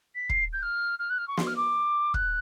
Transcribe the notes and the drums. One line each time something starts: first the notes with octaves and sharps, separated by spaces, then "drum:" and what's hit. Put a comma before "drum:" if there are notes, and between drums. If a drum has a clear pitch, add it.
B6
C7, drum: kick
G6
F6
F6
F#6
F6
C#6
C6, drum: snare
F6
D6
F#6, drum: kick